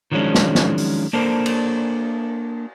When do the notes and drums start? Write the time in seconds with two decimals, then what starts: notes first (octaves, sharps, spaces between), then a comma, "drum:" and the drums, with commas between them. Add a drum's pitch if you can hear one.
0.12 D#3 F3 F#3 G#3 C#4 D4
0.35 drum: snare
0.55 drum: snare
0.78 drum: open hi-hat
1.13 A#3 D4 A4 A#4 C5
1.46 drum: cymbal